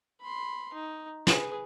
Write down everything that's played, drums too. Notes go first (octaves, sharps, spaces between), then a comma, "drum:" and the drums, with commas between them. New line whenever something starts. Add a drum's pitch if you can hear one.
B5 C6
D#4
G#4 B4, drum: snare